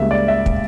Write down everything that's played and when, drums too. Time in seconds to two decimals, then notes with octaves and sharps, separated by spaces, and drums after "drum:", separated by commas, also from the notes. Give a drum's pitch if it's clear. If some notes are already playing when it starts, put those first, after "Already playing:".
Already playing: C#2 C#3 G3 A#3 E5
0.11 D5
0.28 E5
0.46 drum: kick